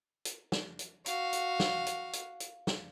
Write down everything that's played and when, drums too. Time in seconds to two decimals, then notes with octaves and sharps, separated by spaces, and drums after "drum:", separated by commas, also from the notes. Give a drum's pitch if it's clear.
0.25 drum: hi-hat
0.52 drum: snare
0.79 drum: hi-hat
1.06 F#4 F5, drum: hi-hat
1.33 drum: hi-hat
1.60 drum: snare
1.86 drum: hi-hat
2.13 drum: hi-hat
2.40 drum: hi-hat
2.67 drum: snare